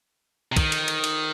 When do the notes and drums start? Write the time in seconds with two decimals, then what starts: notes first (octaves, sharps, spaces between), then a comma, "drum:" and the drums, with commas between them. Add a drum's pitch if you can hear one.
0.52 C3
0.57 D#3, drum: kick, cymbal
0.72 drum: cymbal
0.88 drum: cymbal
1.04 drum: cymbal